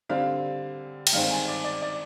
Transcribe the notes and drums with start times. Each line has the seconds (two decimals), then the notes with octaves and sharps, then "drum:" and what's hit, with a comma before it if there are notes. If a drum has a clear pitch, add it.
0.09 D3 G3 C4 F5
1.07 G5, drum: cymbal
1.13 G2 D#3 G#3 C4 F5
1.30 G#5
1.48 D5
1.64 D5
1.82 D5